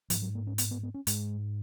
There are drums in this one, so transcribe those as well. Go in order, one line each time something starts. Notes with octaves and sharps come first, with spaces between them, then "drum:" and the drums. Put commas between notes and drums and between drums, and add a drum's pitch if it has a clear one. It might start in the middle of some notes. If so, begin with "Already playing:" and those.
G#2 F3, drum: hi-hat
F#3
A#3
C#4
B3, drum: hi-hat
B3
B3
C#4
G#2 G#3, drum: hi-hat